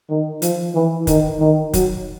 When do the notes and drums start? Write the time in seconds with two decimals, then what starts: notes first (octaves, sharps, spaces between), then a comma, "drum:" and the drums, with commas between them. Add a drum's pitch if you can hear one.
0.10 D#3
0.42 F3, drum: hi-hat
0.75 E3
1.07 D#3, drum: kick, hi-hat
1.40 D#3
1.73 F#3, drum: kick, hi-hat